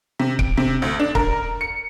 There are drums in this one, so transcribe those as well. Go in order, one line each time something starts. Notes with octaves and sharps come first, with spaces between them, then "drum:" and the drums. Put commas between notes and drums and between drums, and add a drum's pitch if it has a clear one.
C3
D7, drum: kick C#1
C3
D2
D4
A#4, drum: kick C#1
C#7